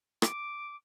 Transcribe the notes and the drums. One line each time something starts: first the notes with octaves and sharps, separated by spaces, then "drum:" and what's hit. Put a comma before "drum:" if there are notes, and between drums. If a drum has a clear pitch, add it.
D6, drum: rim click